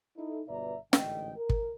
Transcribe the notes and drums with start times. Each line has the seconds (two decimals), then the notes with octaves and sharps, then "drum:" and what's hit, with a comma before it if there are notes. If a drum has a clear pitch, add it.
0.17 D#4 E4 A4
0.48 G1 B2 B4 D5 E5 A#5
0.93 A1 G#2 D3 D#5 G5, drum: snare
1.37 A#4
1.49 drum: kick